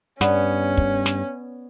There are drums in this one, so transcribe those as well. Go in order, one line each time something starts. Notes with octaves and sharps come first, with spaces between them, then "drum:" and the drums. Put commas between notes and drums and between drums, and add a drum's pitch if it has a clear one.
G2 B3 C#4 D5, drum: snare
drum: kick
drum: snare